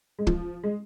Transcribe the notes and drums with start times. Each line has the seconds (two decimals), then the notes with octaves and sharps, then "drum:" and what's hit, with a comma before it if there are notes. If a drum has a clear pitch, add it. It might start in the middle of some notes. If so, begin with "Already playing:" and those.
0.19 G#3
0.27 F3, drum: kick
0.64 G#3